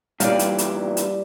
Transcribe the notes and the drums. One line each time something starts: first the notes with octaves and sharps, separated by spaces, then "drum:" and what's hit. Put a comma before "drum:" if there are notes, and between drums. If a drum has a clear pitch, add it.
G2 A#2 E3 G3 D5 F5, drum: hi-hat
drum: hi-hat
drum: hi-hat
drum: hi-hat